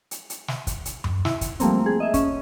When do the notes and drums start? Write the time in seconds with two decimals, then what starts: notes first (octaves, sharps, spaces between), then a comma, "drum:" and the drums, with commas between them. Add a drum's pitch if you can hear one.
0.11 drum: hi-hat
0.30 drum: hi-hat
0.48 drum: snare
0.67 drum: kick, hi-hat
0.85 drum: hi-hat
1.04 drum: tom F#2
1.25 E4, drum: snare
1.41 drum: kick, hi-hat
1.60 F3 G3 A3 A#3 C4, drum: hi-hat
1.86 G#4
2.00 D#5 E5
2.14 C#4, drum: kick, hi-hat